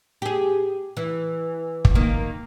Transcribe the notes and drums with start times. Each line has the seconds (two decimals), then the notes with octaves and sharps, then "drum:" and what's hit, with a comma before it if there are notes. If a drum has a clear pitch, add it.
0.22 G4 G#4
0.97 E3
1.85 drum: kick
1.95 D#3 A#3